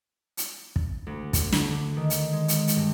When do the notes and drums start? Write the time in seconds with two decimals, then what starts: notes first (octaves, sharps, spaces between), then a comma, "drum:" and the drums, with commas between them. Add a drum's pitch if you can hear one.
0.37 drum: hi-hat
0.76 drum: kick
1.07 D2
1.33 drum: kick, hi-hat
1.52 D3, drum: snare
1.97 D#3
2.10 drum: hi-hat
2.33 G#3
2.48 drum: hi-hat
2.68 drum: hi-hat
2.77 G2